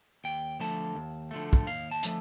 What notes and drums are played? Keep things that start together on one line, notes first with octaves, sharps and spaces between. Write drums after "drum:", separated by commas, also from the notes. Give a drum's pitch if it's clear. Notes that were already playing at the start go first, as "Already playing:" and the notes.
D#2 G5
D3 F3 A3 A5
D#2
D3 F3 A3
drum: kick
D#2 F5
A5
D3 F3 A3, drum: hi-hat